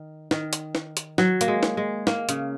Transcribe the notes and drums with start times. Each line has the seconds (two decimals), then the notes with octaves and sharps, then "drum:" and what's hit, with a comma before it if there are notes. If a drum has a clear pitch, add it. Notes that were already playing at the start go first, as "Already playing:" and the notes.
Already playing: D#3
0.31 D#3, drum: snare
0.53 drum: hi-hat
0.75 drum: snare
0.97 drum: hi-hat
1.18 F#3, drum: snare
1.41 A#3, drum: hi-hat
1.48 G#3
1.63 drum: snare
1.77 G#3
2.07 A#3, drum: snare
2.29 C#3, drum: hi-hat